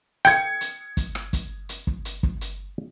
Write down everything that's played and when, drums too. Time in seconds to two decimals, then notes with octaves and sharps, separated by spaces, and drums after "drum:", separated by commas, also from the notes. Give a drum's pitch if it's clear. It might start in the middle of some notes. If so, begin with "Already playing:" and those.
0.25 G5 G#6 C#7, drum: hi-hat
0.61 drum: hi-hat
0.97 drum: kick, hi-hat
1.15 drum: rim click
1.33 drum: kick, hi-hat
1.69 drum: hi-hat
1.87 drum: kick
2.05 drum: hi-hat
2.23 drum: kick
2.41 drum: hi-hat